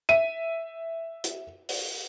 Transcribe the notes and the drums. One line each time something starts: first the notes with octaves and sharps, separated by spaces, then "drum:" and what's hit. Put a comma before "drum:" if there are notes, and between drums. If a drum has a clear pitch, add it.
E5 D#7
drum: hi-hat
drum: open hi-hat